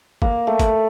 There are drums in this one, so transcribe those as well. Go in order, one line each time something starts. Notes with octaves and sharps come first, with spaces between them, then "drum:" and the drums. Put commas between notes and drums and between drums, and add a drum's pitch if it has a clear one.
A#3, drum: kick
A3
drum: kick, hi-hat